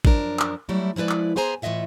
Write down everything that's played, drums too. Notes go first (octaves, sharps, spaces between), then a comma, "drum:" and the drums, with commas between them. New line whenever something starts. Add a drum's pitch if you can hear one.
F#2 F3 D4 A#4, drum: kick
drum: clap
F#3 G3 A3 D4 E4
F3 G#3 E4 B4 D5
drum: clap
B3 G#4 C5 G#5 A#5
A2 E3 F4 D#5 E5 F#5